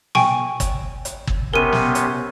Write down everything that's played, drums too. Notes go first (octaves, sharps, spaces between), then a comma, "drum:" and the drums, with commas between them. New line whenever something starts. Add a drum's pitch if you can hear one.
G5 G#5 C#6, drum: snare
drum: kick, hi-hat
drum: hi-hat
drum: kick
C3 B3 C#4 A#4 D#7
drum: snare
drum: hi-hat